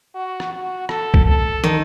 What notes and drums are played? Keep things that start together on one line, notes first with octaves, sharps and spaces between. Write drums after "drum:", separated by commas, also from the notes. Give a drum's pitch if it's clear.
F#4
drum: rim click
F#4
A4, drum: rim click
drum: kick
A4
D#3, drum: tom